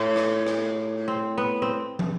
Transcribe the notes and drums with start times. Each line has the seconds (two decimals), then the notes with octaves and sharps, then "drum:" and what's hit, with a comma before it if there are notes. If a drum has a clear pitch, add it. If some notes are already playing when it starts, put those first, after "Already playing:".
Already playing: A2
0.16 drum: rim click
0.47 drum: rim click
1.08 C4
1.38 B3
1.62 C4
1.99 drum: tom